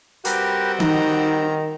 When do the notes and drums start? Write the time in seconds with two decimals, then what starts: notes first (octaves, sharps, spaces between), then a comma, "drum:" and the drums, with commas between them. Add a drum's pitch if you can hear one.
0.25 G3 C4 F#4 G4 A#4 B4, drum: hi-hat
0.80 D#3 D#4 A#5, drum: tom D#3